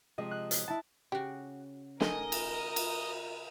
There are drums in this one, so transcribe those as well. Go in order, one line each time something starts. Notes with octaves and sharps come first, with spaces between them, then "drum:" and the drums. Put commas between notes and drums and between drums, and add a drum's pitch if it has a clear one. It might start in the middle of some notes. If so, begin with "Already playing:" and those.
C3 F3 G#3 D#5
F#6
drum: hi-hat
E4 A5
C#3 F#4 G4
D#3 A3 G#4 A#4 D#5, drum: snare
drum: cymbal
drum: cymbal